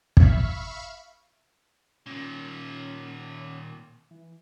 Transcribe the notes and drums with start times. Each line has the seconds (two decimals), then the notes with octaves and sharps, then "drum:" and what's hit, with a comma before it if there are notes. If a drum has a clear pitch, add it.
0.17 E5 F5 B5 C#6, drum: kick
2.06 A#2 D#3 C#4
4.11 E3